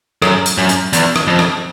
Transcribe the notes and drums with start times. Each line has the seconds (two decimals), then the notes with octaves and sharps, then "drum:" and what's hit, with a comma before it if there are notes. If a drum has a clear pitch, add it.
0.22 F#2, drum: rim click
0.46 drum: hi-hat
0.58 F#2
0.69 drum: hi-hat
0.93 E2, drum: hi-hat
1.16 drum: rim click
1.27 F2
1.39 drum: rim click